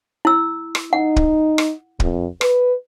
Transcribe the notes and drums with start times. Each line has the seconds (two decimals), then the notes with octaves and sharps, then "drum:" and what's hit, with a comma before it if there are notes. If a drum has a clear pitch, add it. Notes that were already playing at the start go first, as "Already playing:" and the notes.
0.25 E4 E6
0.75 drum: rim click
0.93 D#4 F#5
1.16 drum: kick
1.58 drum: rim click
2.00 F2, drum: kick
2.41 B4, drum: rim click